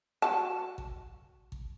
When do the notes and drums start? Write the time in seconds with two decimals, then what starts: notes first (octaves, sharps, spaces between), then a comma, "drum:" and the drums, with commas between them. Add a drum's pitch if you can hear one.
0.22 F#4 A5
0.78 drum: kick G#1
1.52 drum: kick G#1